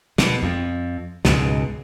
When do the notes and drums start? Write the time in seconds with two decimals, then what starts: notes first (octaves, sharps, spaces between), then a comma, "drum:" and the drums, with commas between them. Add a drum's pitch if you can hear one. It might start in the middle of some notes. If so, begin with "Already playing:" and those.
0.18 B2, drum: snare
0.43 F2
1.25 C#2 G#2 B2, drum: snare